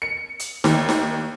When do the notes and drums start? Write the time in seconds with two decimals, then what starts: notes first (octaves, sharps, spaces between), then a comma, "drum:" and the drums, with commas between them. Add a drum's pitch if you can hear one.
0.02 C#7
0.39 drum: hi-hat
0.64 D#2, drum: snare D#4
0.89 drum: snare D#4